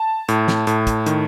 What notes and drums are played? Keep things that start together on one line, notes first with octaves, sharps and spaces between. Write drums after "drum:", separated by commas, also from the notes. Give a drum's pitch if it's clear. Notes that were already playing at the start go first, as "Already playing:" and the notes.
Already playing: A5
A2, drum: hi-hat
drum: snare
A2, drum: hi-hat
drum: kick, hi-hat
D#3, drum: hi-hat